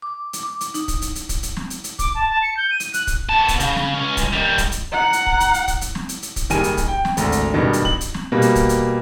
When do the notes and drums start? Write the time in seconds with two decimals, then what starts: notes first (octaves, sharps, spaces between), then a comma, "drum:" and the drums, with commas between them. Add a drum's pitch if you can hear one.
0.02 D6
0.33 drum: hi-hat
0.43 D6
0.61 drum: hi-hat
0.74 D#4, drum: hi-hat
0.88 drum: kick, hi-hat
1.02 drum: hi-hat
1.15 drum: hi-hat
1.29 drum: kick, hi-hat
1.43 drum: hi-hat
1.57 drum: snare
1.70 drum: hi-hat
1.84 drum: hi-hat
1.99 D6, drum: kick, hi-hat
2.15 A5
2.29 A5
2.42 C#7
2.57 G6
2.71 D#7
2.80 drum: hi-hat
2.94 F#6, drum: hi-hat
3.07 drum: kick, hi-hat
3.29 B3 A5
3.48 drum: kick, hi-hat
3.60 C#3, drum: hi-hat
3.76 drum: snare
3.94 C#2 C#4
4.17 drum: kick, hi-hat
4.34 D#3 G3
4.58 drum: kick, hi-hat
4.72 drum: hi-hat
4.92 F#5 A#5
5.13 drum: hi-hat
5.27 drum: kick
5.40 drum: hi-hat
5.54 drum: hi-hat
5.68 drum: kick, hi-hat
5.81 drum: hi-hat
5.95 drum: snare
6.09 drum: hi-hat
6.23 drum: hi-hat
6.36 drum: kick, hi-hat
6.50 F#1 D#3 G3 G#5 D#7, drum: hi-hat
6.64 drum: hi-hat
6.77 drum: kick, hi-hat
6.88 G5
7.05 drum: snare
7.17 G#1 D2, drum: hi-hat
7.32 drum: hi-hat
7.54 F#1 G2 B2 D#3
7.73 drum: hi-hat
7.85 F#7, drum: kick
8.01 drum: hi-hat
8.14 drum: snare
8.32 B2 G3 A#3
8.42 drum: hi-hat
8.55 drum: kick, hi-hat
8.69 drum: hi-hat